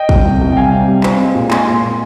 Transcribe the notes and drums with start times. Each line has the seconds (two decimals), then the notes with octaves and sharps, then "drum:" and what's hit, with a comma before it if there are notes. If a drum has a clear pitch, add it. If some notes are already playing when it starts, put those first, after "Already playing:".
Already playing: D#5 G5
0.09 G3, drum: kick
0.25 C2
0.41 C2
0.52 G5
0.56 G3 F5 G#5
0.72 C3
0.88 G3
1.03 C4, drum: clap
1.20 G#3
1.35 A#2
1.51 G#3 G#5 C6, drum: clap
1.67 A#2
1.82 A#2